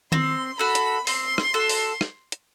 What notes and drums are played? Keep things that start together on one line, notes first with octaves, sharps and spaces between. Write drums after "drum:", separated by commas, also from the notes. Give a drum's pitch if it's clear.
C4 C6, drum: tom D#3
F#4 A4 B5
drum: hi-hat
C4 C6, drum: open hi-hat
drum: rim click
F#4 A4
drum: open hi-hat
drum: rim click
drum: hi-hat